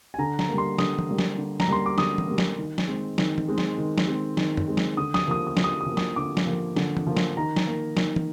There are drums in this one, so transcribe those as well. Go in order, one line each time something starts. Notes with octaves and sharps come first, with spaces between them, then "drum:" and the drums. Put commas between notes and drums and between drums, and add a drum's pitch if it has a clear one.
G#5
D3 A#5
A#5, drum: snare F#3
G3 A#3
C6
D3 D#6, drum: snare F#3
drum: tom
G3 A#3
drum: snare F#3
D3
A#5, drum: snare F#3
G3 A#3 C6
D6
D3 D#6, drum: snare F#3
drum: tom
G3 A#3
drum: snare F#3
D#3
drum: snare F#3
G#3 C4
D#3, drum: snare F#3
drum: tom
G#3 C4
drum: snare F#3
D#3
drum: snare F#3
G#3 C4
D#3, drum: snare F#3
drum: tom
G#3 C4
drum: snare F#3
D3 D#6
D#6, drum: snare F#3
F3 A#3 D#6
D#6
D3, drum: snare F#3
D#6
D#6
F3 A#3
D#6, drum: snare F#3
D3 D6
drum: snare F#3
F3 A#3
D3, drum: snare F#3
drum: tom
F3 A#3
drum: snare F#3
D#3 A#5
drum: snare F#3
A#3
D#3, drum: snare F#3
drum: tom